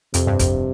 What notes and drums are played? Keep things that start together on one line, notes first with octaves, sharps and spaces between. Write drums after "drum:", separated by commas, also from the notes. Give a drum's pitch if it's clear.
F2 C3, drum: hi-hat
G2
F2, drum: kick, hi-hat